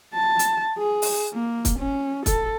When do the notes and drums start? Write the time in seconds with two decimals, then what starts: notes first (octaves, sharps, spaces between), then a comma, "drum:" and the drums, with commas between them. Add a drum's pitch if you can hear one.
0.14 A5
0.39 drum: hi-hat
0.78 G#4
1.02 drum: open hi-hat
1.33 A#3
1.65 drum: kick, hi-hat
1.78 C#4
2.26 A4, drum: kick, hi-hat